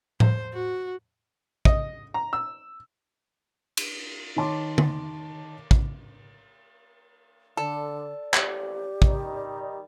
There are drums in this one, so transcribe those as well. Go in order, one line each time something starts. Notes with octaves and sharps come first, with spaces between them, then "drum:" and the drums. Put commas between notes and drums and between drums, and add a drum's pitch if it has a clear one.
C5, drum: tom A2
F#4
D#5, drum: kick
A#5
E6
drum: cymbal
D#3 C#5 A5 C6 D6
drum: tom D3
drum: kick
D3 A4 D5
A1 F2 A#2 G4, drum: clap
D#3 G3 D#4, drum: kick